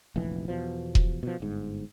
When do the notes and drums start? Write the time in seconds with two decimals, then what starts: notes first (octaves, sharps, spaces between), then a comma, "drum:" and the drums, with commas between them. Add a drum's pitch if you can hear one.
0.16 F1 A#1 E3
0.48 E2 B2 F3
0.95 drum: kick E1
1.23 B2 F3
1.40 G1 G#2